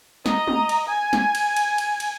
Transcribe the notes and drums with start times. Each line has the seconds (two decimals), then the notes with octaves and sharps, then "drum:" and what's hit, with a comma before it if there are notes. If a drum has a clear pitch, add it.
0.26 D#5 A#5, drum: snare
0.47 drum: tom
0.69 drum: cymbal
0.88 G#5
1.13 drum: snare
1.35 drum: cymbal
1.56 drum: cymbal
1.78 drum: cymbal
2.00 drum: cymbal